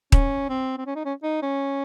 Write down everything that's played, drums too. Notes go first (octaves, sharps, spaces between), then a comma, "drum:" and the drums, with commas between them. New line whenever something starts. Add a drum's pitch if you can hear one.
C#4, drum: kick D#1
C4
C4
C#4
D#4
C#4
D#4
C#4